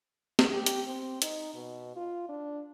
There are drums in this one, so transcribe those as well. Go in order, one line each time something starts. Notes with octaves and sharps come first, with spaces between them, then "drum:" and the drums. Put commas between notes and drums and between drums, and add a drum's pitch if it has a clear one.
drum: snare
G4
drum: hi-hat
C4
D#4, drum: hi-hat
B2
F4
D4